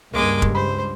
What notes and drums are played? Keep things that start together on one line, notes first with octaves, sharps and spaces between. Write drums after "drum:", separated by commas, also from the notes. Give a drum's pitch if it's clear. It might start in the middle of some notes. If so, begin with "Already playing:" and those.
C#2 G2 G#3 A#3 D6
drum: kick
C5 B5